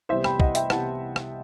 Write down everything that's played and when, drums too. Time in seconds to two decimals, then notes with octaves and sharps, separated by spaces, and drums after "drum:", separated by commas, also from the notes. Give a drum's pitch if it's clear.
0.09 C2 C3 E3 G3 B3 C5 E5
0.24 G5 B5, drum: rim click
0.40 D#5 F#5, drum: kick
0.55 E5 G5, drum: hi-hat
0.70 C2 C3 E3 G3 B3 F#5 A5, drum: rim click
1.16 drum: rim click